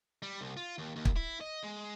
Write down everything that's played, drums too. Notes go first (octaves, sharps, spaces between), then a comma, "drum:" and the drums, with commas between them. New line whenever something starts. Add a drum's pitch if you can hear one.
G3
C2
F4
D#2
D#2
drum: kick
E4
D#5
G#3